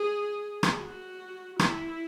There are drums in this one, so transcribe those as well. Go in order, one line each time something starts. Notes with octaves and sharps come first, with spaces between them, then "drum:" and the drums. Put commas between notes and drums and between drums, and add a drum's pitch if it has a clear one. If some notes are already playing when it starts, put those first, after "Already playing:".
Already playing: G#4
drum: rim click
F#4
E4, drum: rim click